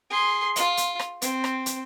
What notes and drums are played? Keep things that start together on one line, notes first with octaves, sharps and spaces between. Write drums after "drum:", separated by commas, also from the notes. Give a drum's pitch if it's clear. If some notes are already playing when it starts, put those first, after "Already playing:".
G#4 C6
F4, drum: hi-hat
drum: hi-hat
drum: rim click
C4, drum: hi-hat
drum: rim click
drum: hi-hat